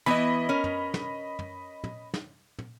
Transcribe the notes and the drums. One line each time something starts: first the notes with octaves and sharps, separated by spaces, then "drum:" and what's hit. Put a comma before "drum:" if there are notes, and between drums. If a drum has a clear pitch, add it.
E3 B3 E4 D#5 B5
C#4 A#4
drum: tom
drum: snare
drum: tom
drum: tom
drum: snare
drum: tom